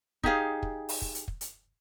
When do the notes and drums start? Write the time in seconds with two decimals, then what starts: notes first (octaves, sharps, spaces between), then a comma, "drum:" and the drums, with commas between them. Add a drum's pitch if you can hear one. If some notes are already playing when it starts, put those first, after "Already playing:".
0.23 D#4 G4 G#4 F5, drum: kick
0.63 drum: kick
0.89 drum: open hi-hat
1.02 drum: kick
1.15 drum: hi-hat
1.28 drum: kick
1.41 drum: hi-hat